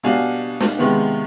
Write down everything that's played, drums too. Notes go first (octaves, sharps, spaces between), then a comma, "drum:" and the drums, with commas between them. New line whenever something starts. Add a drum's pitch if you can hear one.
B2 G3 D4 F5 G#5
drum: snare
C3 D#3 G#3 B3